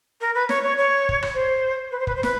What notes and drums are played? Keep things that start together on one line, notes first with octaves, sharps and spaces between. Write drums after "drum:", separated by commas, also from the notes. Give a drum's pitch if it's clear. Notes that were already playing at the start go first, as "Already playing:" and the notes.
A#4
B4
C#5, drum: snare
C#5
C#5
drum: kick
drum: rim click
C5
B4
C5
B4, drum: kick
C5
B4, drum: snare